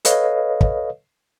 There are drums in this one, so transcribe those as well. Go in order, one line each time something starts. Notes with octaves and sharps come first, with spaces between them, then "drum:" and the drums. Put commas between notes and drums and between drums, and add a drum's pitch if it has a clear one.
A4 B4 C#5 D#5 F5, drum: hi-hat
drum: kick